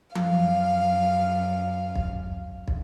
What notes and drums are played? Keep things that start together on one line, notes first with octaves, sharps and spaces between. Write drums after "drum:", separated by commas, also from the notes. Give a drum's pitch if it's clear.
F#2 F5, drum: tom F3
drum: kick
drum: kick